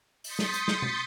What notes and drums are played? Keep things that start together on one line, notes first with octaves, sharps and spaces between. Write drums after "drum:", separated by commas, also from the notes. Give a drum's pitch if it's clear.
C6 D#6 G6 A6 B6 C#7, drum: open hi-hat
drum: snare
drum: hi-hat
drum: snare
drum: tom B2